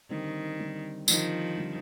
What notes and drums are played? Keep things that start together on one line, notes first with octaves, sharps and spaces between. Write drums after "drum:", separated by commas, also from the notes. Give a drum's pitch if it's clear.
D3 D#3 G3 C4
D3 G3 C4
D3 D#3 F3 G3 C4, drum: tambourine
D3 G3 C4